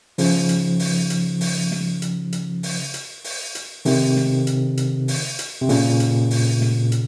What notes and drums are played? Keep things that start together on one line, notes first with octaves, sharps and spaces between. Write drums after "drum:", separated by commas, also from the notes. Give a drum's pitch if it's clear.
C#3 F3, drum: open hi-hat
drum: hi-hat
drum: open hi-hat
drum: hi-hat
drum: open hi-hat
drum: snare
drum: hi-hat
drum: hi-hat
drum: open hi-hat
drum: hi-hat
drum: open hi-hat
drum: hi-hat
C3 D#3, drum: open hi-hat
drum: snare
drum: hi-hat
drum: hi-hat
drum: open hi-hat
drum: hi-hat
C3
A#2 C#3, drum: open hi-hat
drum: hi-hat
drum: open hi-hat
drum: snare
drum: hi-hat